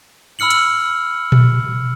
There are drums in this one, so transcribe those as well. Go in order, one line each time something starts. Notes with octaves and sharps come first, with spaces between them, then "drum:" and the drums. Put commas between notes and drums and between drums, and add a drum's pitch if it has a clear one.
B5 E6 F6 C#7 F#7
drum: hi-hat
drum: tom A#2